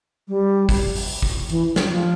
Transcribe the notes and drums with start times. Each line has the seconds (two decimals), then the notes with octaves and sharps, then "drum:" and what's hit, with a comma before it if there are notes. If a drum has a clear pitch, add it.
0.28 G3
0.69 drum: kick, open hi-hat
0.96 drum: open hi-hat
1.22 drum: kick
1.50 E3, drum: hi-hat
1.76 drum: snare
1.89 F3